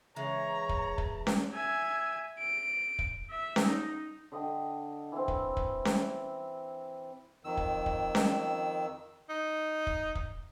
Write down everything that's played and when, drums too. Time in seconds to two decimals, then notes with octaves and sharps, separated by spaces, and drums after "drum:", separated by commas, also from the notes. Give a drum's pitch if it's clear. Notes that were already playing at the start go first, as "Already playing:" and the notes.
0.16 C#3 E3 G#3 C#5 A#5
0.69 drum: kick
0.98 drum: kick
1.27 drum: snare C#4
1.54 E5 G#5
2.39 D7
2.99 drum: kick
3.31 E5
3.56 drum: snare C#4
3.65 D#4
4.32 D3 D#5 G5
5.12 E3 C4
5.28 drum: kick
5.57 drum: kick
5.85 drum: snare C#4
7.44 F2 D#3 E6
7.57 drum: kick
7.86 drum: kick
8.15 drum: snare C#4
9.29 D#4
9.87 drum: kick
10.15 drum: kick